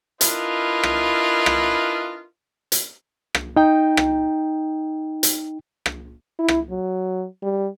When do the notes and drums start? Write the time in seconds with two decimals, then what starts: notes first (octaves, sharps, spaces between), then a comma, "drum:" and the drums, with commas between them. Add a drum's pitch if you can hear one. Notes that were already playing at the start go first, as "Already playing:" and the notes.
0.21 D4 E4 F4 A#4 B4 D#5, drum: hi-hat
0.83 drum: rim click
1.46 drum: rim click
2.72 drum: hi-hat
3.35 drum: rim click
3.56 D#4 G5
3.97 drum: rim click
5.23 drum: hi-hat
5.86 drum: rim click
6.39 E4
6.48 drum: rim click
6.70 F#3
7.42 G3